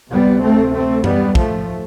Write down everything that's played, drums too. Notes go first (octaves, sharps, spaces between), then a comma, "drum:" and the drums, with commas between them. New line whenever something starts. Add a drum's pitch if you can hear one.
D2 C3 G3 B3
A3 C4
A3 C4
G3 B3, drum: tom F#2
F3 A3, drum: kick